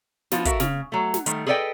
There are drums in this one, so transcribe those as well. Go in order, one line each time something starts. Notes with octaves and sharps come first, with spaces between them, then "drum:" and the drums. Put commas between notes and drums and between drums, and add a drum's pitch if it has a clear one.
F3 B3 F4 F#4, drum: snare
F#4 A4 A#4 E5 F5, drum: kick, hi-hat
C#3, drum: snare
F#3 A3
drum: snare
D#3 G3 A3, drum: hi-hat
G#4 A4 B4 D5 D#5 G5